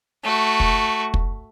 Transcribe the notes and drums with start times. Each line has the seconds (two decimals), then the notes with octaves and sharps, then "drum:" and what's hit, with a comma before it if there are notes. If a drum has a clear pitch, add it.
0.24 A3 F#4
0.60 drum: kick
1.14 drum: kick